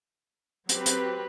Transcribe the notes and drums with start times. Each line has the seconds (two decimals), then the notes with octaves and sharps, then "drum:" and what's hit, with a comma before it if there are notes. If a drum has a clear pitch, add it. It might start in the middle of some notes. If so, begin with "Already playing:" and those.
0.69 F#3 C4 G4 B4, drum: hi-hat
0.86 drum: hi-hat